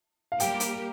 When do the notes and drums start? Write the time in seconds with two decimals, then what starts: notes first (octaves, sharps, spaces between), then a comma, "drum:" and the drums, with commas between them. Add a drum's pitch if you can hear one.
0.32 F5
0.40 G3 A#3 G4 A#4 G5, drum: hi-hat
0.60 drum: hi-hat